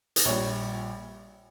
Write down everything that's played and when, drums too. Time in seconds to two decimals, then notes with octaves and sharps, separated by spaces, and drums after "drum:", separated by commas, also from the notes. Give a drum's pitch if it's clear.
0.16 drum: hi-hat
0.25 A#1 A#2 G3 C#5